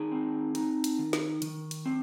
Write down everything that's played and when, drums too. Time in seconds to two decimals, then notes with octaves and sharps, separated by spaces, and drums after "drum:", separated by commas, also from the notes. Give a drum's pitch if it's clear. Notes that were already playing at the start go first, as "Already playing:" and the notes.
Already playing: D#3 D#4 G#4
0.11 C4
0.55 D#4, drum: hi-hat
0.84 drum: hi-hat
0.99 D#3
1.13 drum: snare
1.42 D#3, drum: hi-hat
1.71 drum: hi-hat
1.86 C4